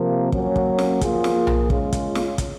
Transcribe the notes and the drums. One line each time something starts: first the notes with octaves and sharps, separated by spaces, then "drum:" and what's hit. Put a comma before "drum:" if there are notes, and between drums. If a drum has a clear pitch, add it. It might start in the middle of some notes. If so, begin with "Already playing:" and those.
Already playing: C3 F3 A#3
F#3 A#3 C#4, drum: kick
drum: kick
drum: snare
F3 A#3 F4 G#4, drum: kick, hi-hat
drum: snare
drum: tom B1
G#3 C#4 F4, drum: kick
drum: kick, hi-hat
drum: snare
drum: kick, hi-hat